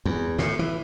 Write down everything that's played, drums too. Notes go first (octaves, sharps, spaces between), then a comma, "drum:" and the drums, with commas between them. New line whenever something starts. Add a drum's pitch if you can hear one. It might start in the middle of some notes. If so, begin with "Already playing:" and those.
E2
A2, drum: snare
E3